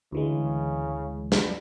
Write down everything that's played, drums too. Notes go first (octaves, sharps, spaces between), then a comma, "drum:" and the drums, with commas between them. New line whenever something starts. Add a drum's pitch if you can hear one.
D2 C#3 E3 G#3
drum: snare